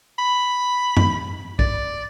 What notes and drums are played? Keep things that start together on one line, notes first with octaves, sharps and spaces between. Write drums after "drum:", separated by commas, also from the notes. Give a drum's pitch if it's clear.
B5
drum: tom
D5, drum: kick